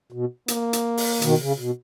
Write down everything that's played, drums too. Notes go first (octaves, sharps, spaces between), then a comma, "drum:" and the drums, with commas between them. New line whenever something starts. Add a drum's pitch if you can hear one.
B2
A#3, drum: hi-hat
drum: hi-hat
drum: open hi-hat
B2 D#3, drum: hi-hat
C#3
B2